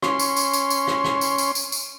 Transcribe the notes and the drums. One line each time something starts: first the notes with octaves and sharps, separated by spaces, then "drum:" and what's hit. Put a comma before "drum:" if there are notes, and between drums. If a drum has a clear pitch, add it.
C#4 C6, drum: rim click
drum: tambourine
drum: tambourine
drum: tambourine
drum: tambourine
drum: rim click
drum: rim click
drum: tambourine
drum: tambourine
drum: tambourine
drum: tambourine